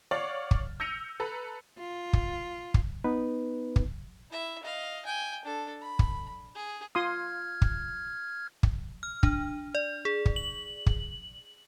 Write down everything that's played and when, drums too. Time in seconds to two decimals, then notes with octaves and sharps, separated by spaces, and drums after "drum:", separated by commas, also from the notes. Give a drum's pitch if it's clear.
0.11 C#5 D5 F5 F#5 F6 A6
0.51 drum: kick
0.80 E6 G6 A#6 C#7 D#7 F7
1.20 A4 B4 A#5 B5
1.79 F4
2.13 drum: kick
2.74 drum: kick
3.04 B3 D#4 B4
3.76 drum: kick
4.30 E4 E5
4.63 D#5 F5
5.06 G5 G#5
5.45 D4 A4
5.82 B5
5.99 drum: kick
6.55 G#4
6.95 F4 C6 D#6 F6 G#6
7.62 drum: kick
8.63 drum: kick
9.03 F6
9.23 D4, drum: kick
9.75 D5
10.05 G#4
10.26 drum: kick
10.36 F#7
10.86 drum: kick